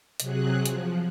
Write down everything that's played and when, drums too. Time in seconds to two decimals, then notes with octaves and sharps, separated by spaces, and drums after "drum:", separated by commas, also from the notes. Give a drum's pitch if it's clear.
0.20 C3 F#3 G#4 F#6, drum: hi-hat
0.66 F3, drum: hi-hat